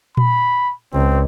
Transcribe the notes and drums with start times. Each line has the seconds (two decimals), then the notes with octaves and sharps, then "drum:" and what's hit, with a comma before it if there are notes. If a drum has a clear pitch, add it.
0.17 B5, drum: tom A#2
0.93 C#2 C4